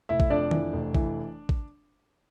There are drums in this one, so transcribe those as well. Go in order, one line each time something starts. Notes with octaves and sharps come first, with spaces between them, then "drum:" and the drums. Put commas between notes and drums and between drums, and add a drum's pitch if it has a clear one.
F1 E4 E5
drum: kick A1
F2 D4 D5
E3, drum: tom D#3
F1
E3, drum: kick A1
drum: kick A1